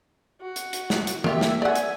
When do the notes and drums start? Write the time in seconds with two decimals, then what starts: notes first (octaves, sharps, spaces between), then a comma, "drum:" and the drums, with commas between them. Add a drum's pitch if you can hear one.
0.41 F#4
0.56 drum: hi-hat
0.73 drum: hi-hat
0.90 drum: snare
1.07 drum: hi-hat
1.24 A#3 F4 G4 E5, drum: tom
1.41 drum: snare
1.62 D5 E5 F#5 G#5
1.76 drum: hi-hat